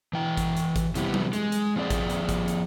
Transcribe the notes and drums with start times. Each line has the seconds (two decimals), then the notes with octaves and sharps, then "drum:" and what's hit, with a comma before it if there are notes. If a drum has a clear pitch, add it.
0.13 E3 G5
0.37 drum: kick, hi-hat
0.57 drum: hi-hat
0.76 drum: kick, hi-hat
0.95 C3 E3 G3 B3, drum: hi-hat
1.14 drum: tom F#3
1.33 G#3, drum: hi-hat
1.52 drum: hi-hat
1.76 F3 C4 G#4 D5
1.90 drum: kick, hi-hat
2.10 drum: hi-hat
2.29 drum: kick, hi-hat
2.48 drum: hi-hat